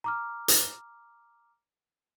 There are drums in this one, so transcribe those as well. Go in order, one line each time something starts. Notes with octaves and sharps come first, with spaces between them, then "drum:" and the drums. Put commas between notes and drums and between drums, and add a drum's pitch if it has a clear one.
A#5 D6 F6
drum: hi-hat